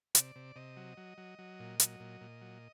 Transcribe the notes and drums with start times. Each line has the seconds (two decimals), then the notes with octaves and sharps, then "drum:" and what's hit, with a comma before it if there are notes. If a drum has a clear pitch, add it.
0.15 C3 D5, drum: hi-hat
0.36 C3
0.56 C3 D#5
0.77 F#3
0.97 F#3
1.18 F#3
1.39 F#3
1.60 A#2
1.80 F#3, drum: hi-hat
2.00 A#2
2.21 A#2
2.41 F#3